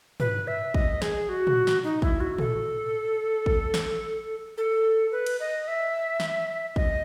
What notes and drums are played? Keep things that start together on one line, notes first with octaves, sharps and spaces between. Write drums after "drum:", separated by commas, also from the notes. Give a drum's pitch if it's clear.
B4, drum: tom
E5
D#5, drum: kick
G#4, drum: snare
F#4
drum: tom
drum: snare
D#4
E4, drum: kick
F#4
A4, drum: tom
drum: kick
drum: snare
A4
B4
drum: cymbal
D#5
E5
drum: snare
D#5, drum: kick